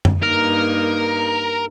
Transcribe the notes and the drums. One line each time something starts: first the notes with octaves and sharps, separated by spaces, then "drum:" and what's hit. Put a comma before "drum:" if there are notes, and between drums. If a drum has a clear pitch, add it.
drum: tom F#2
G2 A#3 D#4 A#4